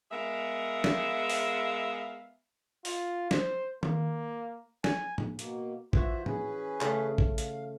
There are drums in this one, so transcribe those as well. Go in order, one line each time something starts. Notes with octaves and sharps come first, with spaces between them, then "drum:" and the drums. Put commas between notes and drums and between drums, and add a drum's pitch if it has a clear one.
G#3 B3 G#4 A#4 E5 F5
drum: snare
drum: open hi-hat
F4, drum: open hi-hat
C5, drum: snare
A#3, drum: tom D#3
G#5, drum: snare
drum: tom A2
B2 A#3, drum: hi-hat
E3 F4 F#4 C5 E5, drum: kick A1
C#4 G#4 B4, drum: tom A2
C#3 A3, drum: clap
drum: kick A1
F5, drum: hi-hat